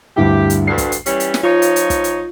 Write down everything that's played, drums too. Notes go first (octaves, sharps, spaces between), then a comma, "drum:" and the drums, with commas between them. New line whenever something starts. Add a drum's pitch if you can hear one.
D2 G2 E4 G4
drum: hi-hat
D2 G2 C7
drum: kick, hi-hat
drum: hi-hat
E3 G3 C#4, drum: hi-hat
drum: hi-hat
drum: snare
F3 D#4 F4 C#5
drum: hi-hat
drum: hi-hat
drum: kick, hi-hat
drum: hi-hat